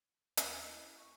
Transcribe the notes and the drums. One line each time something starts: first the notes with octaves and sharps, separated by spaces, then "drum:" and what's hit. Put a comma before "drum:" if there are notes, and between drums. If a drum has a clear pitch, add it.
D#2, drum: hi-hat
E4 D#5
C#6